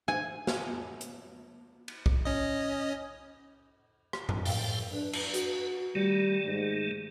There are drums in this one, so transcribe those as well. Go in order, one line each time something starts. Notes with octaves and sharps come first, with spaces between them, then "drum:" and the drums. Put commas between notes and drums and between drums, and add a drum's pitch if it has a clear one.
G#5
drum: snare
drum: hi-hat
drum: cymbal
drum: kick
C#4 D#5
drum: rim click
drum: tom F#2
A2 F5 G5, drum: open hi-hat
D4 B4
drum: cymbal
F#4, drum: hi-hat
D#3 G3 A3
G#2